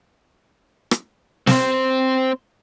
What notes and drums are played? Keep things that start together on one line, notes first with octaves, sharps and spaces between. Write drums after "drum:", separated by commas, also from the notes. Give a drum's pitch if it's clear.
drum: rim click
C4 C5, drum: snare